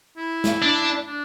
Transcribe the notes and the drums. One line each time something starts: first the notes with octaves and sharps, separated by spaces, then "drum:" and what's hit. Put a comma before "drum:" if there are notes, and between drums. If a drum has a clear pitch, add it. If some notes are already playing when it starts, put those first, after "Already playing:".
E4
drum: snare
D4
D4